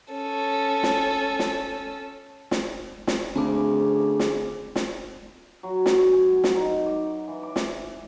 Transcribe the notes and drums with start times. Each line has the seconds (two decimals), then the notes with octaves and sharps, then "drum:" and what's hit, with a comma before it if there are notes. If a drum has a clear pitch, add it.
0.13 C#4 A4
0.83 drum: snare
1.39 drum: snare
2.51 drum: snare
3.07 drum: snare
3.35 D2 C#3 C4 A4 D6
4.19 drum: snare
4.76 drum: snare
5.63 F#3
5.86 F#2, drum: snare
6.12 G#5
6.44 drum: snare
6.55 D#4
6.86 D6
7.28 E3
7.43 D6
7.56 drum: snare